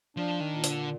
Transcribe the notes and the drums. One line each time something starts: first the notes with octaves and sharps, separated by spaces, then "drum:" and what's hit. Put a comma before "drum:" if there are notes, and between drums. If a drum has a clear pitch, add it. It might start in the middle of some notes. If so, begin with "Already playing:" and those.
F3 D4
D#3
A#2
D3, drum: hi-hat